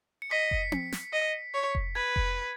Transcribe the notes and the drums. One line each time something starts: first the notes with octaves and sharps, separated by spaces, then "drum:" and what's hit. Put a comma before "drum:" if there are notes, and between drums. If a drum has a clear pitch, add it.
C#7
D#5 B6
drum: kick F1
drum: tom C4
drum: snare
D#5
C#5
drum: kick F1
B4 G#6
drum: kick F1